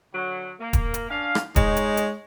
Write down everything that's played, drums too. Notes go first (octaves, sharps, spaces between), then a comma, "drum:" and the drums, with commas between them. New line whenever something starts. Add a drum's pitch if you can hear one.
D3 F#3
A#3
drum: kick D#1, hi-hat
drum: hi-hat
C#4 D4 F5
drum: rim click
G#3 D#4 C#5, drum: kick D#1, hi-hat
drum: hi-hat
drum: hi-hat